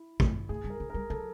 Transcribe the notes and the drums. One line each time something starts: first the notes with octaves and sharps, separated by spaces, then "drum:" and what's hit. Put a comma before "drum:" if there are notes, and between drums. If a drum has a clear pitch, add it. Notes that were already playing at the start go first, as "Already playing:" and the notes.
Already playing: E4
A3, drum: kick
A3 G#4
G3
A#4
F#3
G3 A#4
F#3 A4